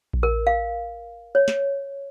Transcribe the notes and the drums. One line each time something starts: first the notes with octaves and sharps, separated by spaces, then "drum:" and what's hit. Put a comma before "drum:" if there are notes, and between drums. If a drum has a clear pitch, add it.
drum: kick A#1
A#4
F5
C#5
drum: snare